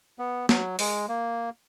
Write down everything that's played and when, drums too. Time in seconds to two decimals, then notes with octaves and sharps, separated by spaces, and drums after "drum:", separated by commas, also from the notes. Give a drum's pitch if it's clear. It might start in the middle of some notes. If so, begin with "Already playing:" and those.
0.19 B3
0.49 F#3, drum: snare
0.79 G#3, drum: open hi-hat
1.09 A#3